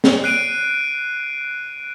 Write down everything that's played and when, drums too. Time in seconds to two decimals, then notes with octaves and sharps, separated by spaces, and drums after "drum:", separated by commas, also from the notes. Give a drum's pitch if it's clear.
0.04 drum: snare
0.24 F#6 C7 D7 D#7